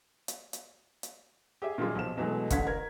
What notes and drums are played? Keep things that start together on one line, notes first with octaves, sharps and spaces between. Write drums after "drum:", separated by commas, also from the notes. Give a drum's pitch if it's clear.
drum: hi-hat
drum: hi-hat
drum: hi-hat
G4 G#4 E5
A#2 D#3 F#3 G3 F4 G#4
B1 F3 E7
B2 E3 F#3 G#3 A3
A1 D3 F5 F#5 G#6 B6, drum: kick, hi-hat
A#4 G#6